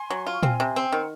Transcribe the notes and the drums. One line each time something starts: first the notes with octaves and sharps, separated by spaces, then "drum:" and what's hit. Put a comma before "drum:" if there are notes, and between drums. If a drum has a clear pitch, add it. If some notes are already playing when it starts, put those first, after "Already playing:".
Already playing: G#5 C6
F#3
F4
C#6
C4 G#5 C6, drum: tom A#2
C3
C4
C6
D#3 F#5 A#5